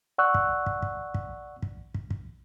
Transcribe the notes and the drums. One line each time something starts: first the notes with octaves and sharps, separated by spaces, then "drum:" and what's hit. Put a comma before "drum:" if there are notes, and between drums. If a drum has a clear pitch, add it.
D5 F#5 C#6 E6 F#6
drum: kick
drum: kick
drum: kick
drum: kick
drum: kick
drum: kick
drum: kick